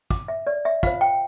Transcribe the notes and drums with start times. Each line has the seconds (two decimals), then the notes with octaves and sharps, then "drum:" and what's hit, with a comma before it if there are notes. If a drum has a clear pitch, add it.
0.11 D6, drum: kick
0.28 E5
0.47 D5
0.65 E5
0.83 F4 C5 F5, drum: kick
1.01 G5